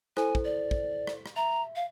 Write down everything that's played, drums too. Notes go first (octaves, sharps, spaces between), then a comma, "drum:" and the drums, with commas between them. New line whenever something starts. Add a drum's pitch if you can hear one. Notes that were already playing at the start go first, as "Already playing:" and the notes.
E4 A4 C5 G#5, drum: rim click
drum: kick
D5
drum: kick
drum: rim click
drum: rim click
E5 A#5
F5